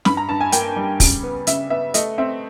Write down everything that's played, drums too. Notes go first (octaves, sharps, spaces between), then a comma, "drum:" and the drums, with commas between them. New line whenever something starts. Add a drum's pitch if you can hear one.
G2 B5, drum: snare
A#5
G2 A5
G#5
A#3 G5, drum: hi-hat
G3
C#3, drum: kick, open hi-hat
B3
C#3 E5, drum: hi-hat
B3 E5
A3 D#5, drum: hi-hat
C4 E5